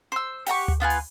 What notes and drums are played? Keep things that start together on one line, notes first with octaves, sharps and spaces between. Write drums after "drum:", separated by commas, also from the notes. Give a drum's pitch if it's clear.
C5 E6
G4 F#5 A#5 C#6, drum: open hi-hat
drum: tom D2
B3 F4 B4 G#5
drum: open hi-hat